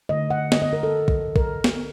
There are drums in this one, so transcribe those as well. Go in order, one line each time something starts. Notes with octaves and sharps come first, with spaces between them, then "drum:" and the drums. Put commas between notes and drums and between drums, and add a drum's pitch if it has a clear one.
D3 A3 D#5
F#5
D#5, drum: snare
D#5
A#4
A4
drum: kick
A#4, drum: kick
drum: snare